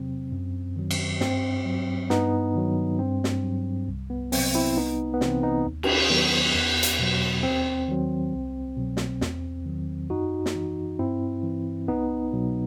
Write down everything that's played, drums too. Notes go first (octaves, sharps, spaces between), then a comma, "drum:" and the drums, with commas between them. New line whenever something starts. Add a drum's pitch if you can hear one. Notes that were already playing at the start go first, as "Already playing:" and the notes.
Already playing: E2 C3 F#3 C4
F#2
D#3 F#3
drum: cymbal
G2 C4, drum: snare
F#3
G2 B3 D#4, drum: snare
D#3 F#3
G2 C4
drum: snare
F#3
C2
B3
C3 F#3 C4, drum: open hi-hat
C4 E4
C2 B3 D#4
B3
C3 E3 C4, drum: snare
B3 D#4
D#2
drum: cymbal
D#3 F#3 B3
E2
drum: hi-hat
B2 F#3
D#2 C4
D#3 F#3
C2
B2 F#3
drum: snare
E2, drum: snare
D#3 F#3
F#2 D#4 F#4
drum: snare
E3
G2 C4 E4
E3
C2 B3 D#4
B2 F#3